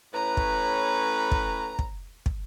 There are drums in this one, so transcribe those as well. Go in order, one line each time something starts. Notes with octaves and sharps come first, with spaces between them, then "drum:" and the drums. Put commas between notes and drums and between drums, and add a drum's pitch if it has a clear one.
A2 C#4 B4 A#5
drum: kick
drum: kick
drum: kick
drum: kick